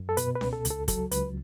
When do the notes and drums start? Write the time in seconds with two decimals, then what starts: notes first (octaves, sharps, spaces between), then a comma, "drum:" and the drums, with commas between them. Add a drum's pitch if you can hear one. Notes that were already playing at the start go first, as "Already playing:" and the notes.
Already playing: F#2
0.09 A4
0.17 B2 B4, drum: hi-hat
0.35 B4
0.41 C#2, drum: snare C#4
0.53 A4
0.65 C#2, drum: hi-hat
0.70 A4
0.88 F#3 A4, drum: kick, hi-hat
1.11 C#2 B4, drum: hi-hat